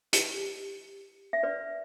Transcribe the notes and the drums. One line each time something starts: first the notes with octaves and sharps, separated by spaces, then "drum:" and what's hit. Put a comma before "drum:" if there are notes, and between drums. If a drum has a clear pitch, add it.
G4, drum: hi-hat
E5
B4 D5